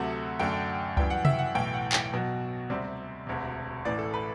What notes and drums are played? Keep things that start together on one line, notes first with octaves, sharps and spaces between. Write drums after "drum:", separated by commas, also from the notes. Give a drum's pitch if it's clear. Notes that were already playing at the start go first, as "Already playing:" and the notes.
Already playing: D2 C3 F#3 A3 F#5
F#2 D3 A3 G5
F#2 E3 G3 G5, drum: kick C#2
F#5
E5, drum: tom C3
F#5
B1 A2 E3 G5
F#5
G5, drum: clap
B1 B2 F#3
D2 C3 G3 C4
E1 D2 C3
A1 A2 E3 D5
A4
B4